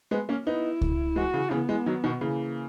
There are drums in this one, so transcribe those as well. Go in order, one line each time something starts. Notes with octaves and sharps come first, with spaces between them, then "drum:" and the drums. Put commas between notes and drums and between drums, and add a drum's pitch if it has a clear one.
G#3 B3
A#3 C#4
B3 D#4 E4
drum: kick C#2
E3 G#3 F#4
C#3 E3
C#3 E3 B3
E3 G#3
D#3 F#3
B2 D#3
C#3 E3 A#3